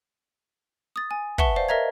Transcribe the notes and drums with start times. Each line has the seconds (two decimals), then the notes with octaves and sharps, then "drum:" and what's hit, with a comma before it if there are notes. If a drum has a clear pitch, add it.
0.96 D#6 A6
1.11 G#5
1.38 B4 E5 F#5 A5 C#6 G7, drum: kick
1.56 C5 D5 F5
1.69 A#4 D#5 E5 A#5 G#6